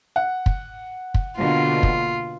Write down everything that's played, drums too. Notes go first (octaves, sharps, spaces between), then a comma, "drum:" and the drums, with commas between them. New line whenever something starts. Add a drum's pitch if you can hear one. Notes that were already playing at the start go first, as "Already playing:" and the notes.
F#5
drum: kick
drum: kick
B2 D3 A#3 F4
drum: kick